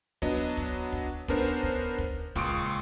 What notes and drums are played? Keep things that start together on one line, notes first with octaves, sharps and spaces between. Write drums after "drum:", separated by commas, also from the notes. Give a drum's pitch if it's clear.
F#3 B3 D4 D#5, drum: kick
drum: kick
drum: kick
B3 C#4 D4 A#4 C5, drum: kick
drum: kick
drum: kick
C#2 A#2 C6 C#6 D#6 D7, drum: kick